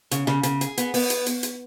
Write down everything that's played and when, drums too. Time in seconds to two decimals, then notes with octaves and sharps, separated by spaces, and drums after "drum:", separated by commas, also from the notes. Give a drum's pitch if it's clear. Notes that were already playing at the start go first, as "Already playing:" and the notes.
0.11 C#3, drum: hi-hat
0.27 C#3, drum: snare
0.43 C#3, drum: hi-hat
0.61 G#4, drum: hi-hat
0.78 B3, drum: hi-hat
0.94 B3, drum: open hi-hat
1.10 drum: hi-hat
1.26 drum: hi-hat
1.43 drum: hi-hat